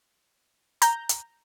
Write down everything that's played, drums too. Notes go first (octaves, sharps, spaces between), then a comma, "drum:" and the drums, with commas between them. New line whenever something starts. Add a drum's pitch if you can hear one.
A#5 G6, drum: hi-hat
drum: hi-hat